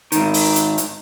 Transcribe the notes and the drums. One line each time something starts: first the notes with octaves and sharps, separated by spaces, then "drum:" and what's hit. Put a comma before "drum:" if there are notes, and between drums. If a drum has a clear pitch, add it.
G#2 D#3, drum: hi-hat
drum: open hi-hat
drum: hi-hat
drum: hi-hat